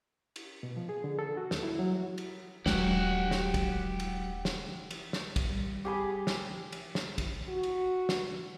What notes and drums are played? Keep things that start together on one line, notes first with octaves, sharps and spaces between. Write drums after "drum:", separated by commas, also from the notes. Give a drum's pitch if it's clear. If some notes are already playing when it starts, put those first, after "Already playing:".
drum: cymbal
B2
F3
G#4
D3
A4
F#4
D#2, drum: snare
E4
F#3
F#4
drum: cymbal
D#1 F#3 G#3 G4 F#5, drum: snare
drum: snare
drum: kick, cymbal
drum: cymbal
drum: snare
drum: cymbal
drum: snare
drum: kick, cymbal
G3
G4 G#4 B5
drum: snare
drum: cymbal
drum: snare
drum: kick, cymbal
F#4
drum: cymbal
drum: snare